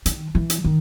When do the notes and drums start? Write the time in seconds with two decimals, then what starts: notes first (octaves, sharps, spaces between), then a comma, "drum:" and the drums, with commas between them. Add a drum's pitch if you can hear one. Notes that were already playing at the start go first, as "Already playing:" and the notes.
0.06 D#3, drum: hi-hat
0.35 E3
0.50 drum: hi-hat
0.64 D#3